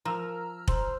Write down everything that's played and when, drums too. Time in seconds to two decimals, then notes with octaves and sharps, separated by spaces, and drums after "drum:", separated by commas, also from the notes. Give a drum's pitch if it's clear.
0.05 F3 A#4 A#5 E6 F6
0.68 C5, drum: kick